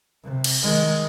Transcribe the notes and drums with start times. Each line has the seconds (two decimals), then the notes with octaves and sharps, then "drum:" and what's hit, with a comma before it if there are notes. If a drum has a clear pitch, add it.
0.23 C3
0.44 drum: cymbal
0.62 D#3 G#3